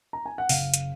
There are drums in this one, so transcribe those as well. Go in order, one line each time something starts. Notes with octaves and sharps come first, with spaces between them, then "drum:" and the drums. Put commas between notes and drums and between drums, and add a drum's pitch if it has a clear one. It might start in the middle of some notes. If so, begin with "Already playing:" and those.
A#5
G#5
F#5
F#1 F5, drum: open hi-hat
drum: hi-hat